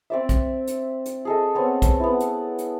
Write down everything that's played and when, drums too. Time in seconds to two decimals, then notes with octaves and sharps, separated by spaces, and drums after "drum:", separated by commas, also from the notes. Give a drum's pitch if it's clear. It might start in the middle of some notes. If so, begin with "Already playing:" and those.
0.10 C4 D5 E5
0.29 drum: kick B1, hi-hat
0.67 drum: hi-hat
1.06 drum: hi-hat
1.25 G#4 A4 D#5
1.55 B3 C4 C#5
1.82 drum: kick B1, hi-hat
2.00 B3 E4
2.20 drum: hi-hat
2.58 drum: hi-hat